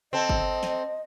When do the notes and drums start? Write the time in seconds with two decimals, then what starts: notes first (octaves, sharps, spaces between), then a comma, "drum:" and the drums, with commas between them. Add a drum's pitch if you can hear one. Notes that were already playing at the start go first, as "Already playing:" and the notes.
0.13 C4 A4 D#5
0.29 drum: kick G1
0.63 drum: snare